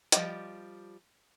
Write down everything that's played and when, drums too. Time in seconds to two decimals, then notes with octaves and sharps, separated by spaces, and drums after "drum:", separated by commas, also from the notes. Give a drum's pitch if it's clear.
0.12 F3 G3 E4 G4 D#5, drum: hi-hat